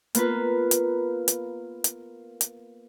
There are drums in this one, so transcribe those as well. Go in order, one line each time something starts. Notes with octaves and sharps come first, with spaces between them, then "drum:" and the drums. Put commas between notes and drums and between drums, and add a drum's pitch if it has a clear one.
A#3 B3 F4 B4, drum: hi-hat
drum: hi-hat
drum: hi-hat
drum: hi-hat
drum: hi-hat